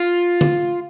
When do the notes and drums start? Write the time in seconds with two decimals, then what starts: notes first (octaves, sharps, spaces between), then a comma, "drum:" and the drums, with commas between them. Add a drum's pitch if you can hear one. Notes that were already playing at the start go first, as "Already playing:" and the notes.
Already playing: F4
0.41 drum: tom D3